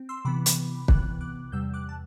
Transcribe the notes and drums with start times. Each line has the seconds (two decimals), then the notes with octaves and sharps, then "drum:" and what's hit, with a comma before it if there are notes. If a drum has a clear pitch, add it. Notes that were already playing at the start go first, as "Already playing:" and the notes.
Already playing: C4
0.09 C6 E6
0.25 C3 E3 B3 B5 D6
0.46 drum: hi-hat
0.88 C3 E3 B3 D6 F#6, drum: kick
1.21 D6 F#6
1.52 E2 C3 G3 E6 G6
1.74 D6 F#6
1.89 A5